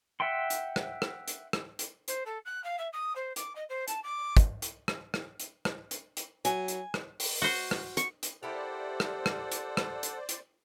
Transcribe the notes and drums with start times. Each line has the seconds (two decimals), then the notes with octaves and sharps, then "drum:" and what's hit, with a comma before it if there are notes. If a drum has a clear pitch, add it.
0.20 E5 F#5 G5 C6
0.50 drum: hi-hat
0.76 drum: rim click
1.02 drum: rim click
1.28 drum: hi-hat
1.53 drum: rim click
1.79 drum: hi-hat
2.08 C5, drum: hi-hat
2.26 A4
2.45 F#6
2.64 F5
2.78 E5
2.93 D#6
3.16 C5
3.36 D6, drum: hi-hat
3.55 D#5
3.69 C5
3.88 A5, drum: hi-hat
4.03 D6
4.37 drum: kick, hi-hat
4.62 drum: hi-hat
4.88 drum: rim click
5.14 drum: rim click
5.40 drum: hi-hat
5.65 drum: rim click
5.91 drum: hi-hat
6.17 drum: hi-hat
6.45 F#3 G#5, drum: hi-hat
6.68 drum: hi-hat
6.94 drum: rim click
7.20 drum: open hi-hat
7.42 F#4 C5
7.71 drum: rim click
7.97 C#6, drum: hi-hat
8.23 drum: hi-hat
8.43 A#3 E4 G4 A4 C5 D5 F#5
9.00 drum: rim click
9.26 drum: rim click
9.52 drum: hi-hat
9.77 drum: rim click
10.03 drum: hi-hat
10.29 drum: hi-hat